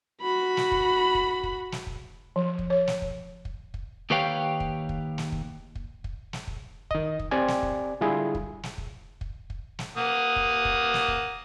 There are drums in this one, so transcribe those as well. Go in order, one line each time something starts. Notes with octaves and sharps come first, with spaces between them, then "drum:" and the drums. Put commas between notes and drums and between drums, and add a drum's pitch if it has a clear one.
F#4 B5
drum: snare
drum: kick
drum: kick
drum: kick
drum: snare
drum: kick
F3
drum: kick
C#5
drum: snare
drum: kick
drum: kick
drum: kick
D#2 G4 B4 C#5 F5 G5
drum: kick
drum: kick
drum: snare
drum: kick
drum: kick
drum: kick
drum: snare
drum: kick
D#3 D#5, drum: kick
drum: kick
C4 G4 D5 G#5
drum: snare
drum: kick
D3 G3 E4 F4 G#4
drum: kick
drum: snare
drum: kick
drum: kick
drum: kick
drum: snare
A#3 F#5 D#6
drum: kick
drum: kick
drum: snare
drum: kick